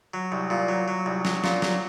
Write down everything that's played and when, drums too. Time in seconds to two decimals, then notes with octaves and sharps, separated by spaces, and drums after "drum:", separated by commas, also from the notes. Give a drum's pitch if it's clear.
0.14 F#3
0.32 C2
0.50 A#2
0.69 F#3
0.88 F#3
1.06 C2
1.25 F#3, drum: snare
1.44 A#2, drum: snare
1.62 F#3, drum: snare